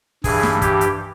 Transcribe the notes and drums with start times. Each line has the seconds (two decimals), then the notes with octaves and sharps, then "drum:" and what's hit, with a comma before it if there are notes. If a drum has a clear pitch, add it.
0.24 G2 E3 G#4, drum: kick, open hi-hat
0.43 drum: snare
0.62 G4, drum: kick, hi-hat
0.81 drum: hi-hat